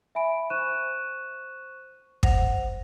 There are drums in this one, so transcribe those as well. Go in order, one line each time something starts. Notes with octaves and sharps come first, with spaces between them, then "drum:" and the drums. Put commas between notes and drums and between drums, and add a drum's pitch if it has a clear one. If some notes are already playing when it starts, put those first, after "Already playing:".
E5 G#5 B5 D7
C5 C#6 F#6 D#7 E7
C5 F#5 A#6 F7, drum: kick